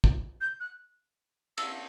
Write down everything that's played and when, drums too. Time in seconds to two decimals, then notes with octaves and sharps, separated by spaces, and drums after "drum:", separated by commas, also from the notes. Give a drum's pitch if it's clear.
0.04 drum: kick
0.41 G6
0.60 F#6
1.58 E6, drum: cymbal